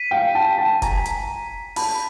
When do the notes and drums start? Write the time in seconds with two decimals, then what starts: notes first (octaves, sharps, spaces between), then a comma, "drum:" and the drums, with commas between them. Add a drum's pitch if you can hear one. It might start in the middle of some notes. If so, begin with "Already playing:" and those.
Already playing: B6 D#7
0.11 F5 G5
0.35 G5 A5
0.58 G5 A5
0.82 G#5 A#5, drum: kick F1, hi-hat
1.06 drum: hi-hat
1.76 A5 B5, drum: open hi-hat